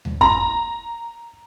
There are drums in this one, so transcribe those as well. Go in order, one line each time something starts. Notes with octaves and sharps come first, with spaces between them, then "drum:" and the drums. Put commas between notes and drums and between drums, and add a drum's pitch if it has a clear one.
drum: tom D2
A#5, drum: kick